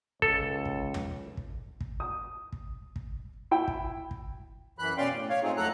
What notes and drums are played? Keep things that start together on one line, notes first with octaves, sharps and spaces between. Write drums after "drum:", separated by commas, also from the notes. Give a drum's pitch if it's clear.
C#2 A4, drum: kick
drum: kick
drum: tom
drum: kick
drum: kick
D#6
drum: kick
drum: kick
E4 G5
drum: kick
drum: kick
F#2 E3 B5 F#6
B2 C#4 D5 F5 G5 C6
A2
C#5 F5
G#2 A3 C4 D#4 F4 G#4
F2 F#3 A3 A4 A#5 F#6